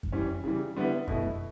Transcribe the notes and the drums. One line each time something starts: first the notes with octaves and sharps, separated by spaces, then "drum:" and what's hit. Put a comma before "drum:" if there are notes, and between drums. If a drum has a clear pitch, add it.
drum: kick F#2
E3 G3 C#4
C#3 E3 G3
D3 G3 B3 E4 B4
B2 A3 E4, drum: kick F#2